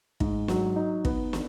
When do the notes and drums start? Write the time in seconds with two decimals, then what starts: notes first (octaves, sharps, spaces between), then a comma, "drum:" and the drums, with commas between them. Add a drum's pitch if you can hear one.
0.20 G#2, drum: kick
0.48 F#3, drum: snare
0.76 D#4
1.05 B3, drum: kick
1.33 drum: snare